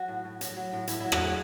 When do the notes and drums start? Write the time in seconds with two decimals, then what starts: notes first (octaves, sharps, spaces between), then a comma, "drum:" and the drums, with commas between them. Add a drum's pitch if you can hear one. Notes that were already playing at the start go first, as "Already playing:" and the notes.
Already playing: F#3 F#4
0.08 A2
0.25 A2
0.41 F#3, drum: hi-hat
0.56 F#3
0.73 A2
0.87 A2 E4, drum: hi-hat
1.00 F#3 E4
1.12 F#4, drum: rim click
1.20 F#3 G#4